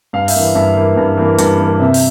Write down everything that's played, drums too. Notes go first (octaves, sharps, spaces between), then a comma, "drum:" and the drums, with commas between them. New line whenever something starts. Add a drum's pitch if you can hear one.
G2 F5
E5, drum: open hi-hat
E3 A#3
G2 E5
E3 A#3
G2
E3 A#3
G2, drum: hi-hat
E3 A#3
C3 E5
drum: open hi-hat